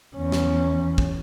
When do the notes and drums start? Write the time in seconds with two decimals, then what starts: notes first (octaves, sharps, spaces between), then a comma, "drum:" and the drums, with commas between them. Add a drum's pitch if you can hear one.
0.16 E2 C#4
0.32 drum: snare
0.98 drum: kick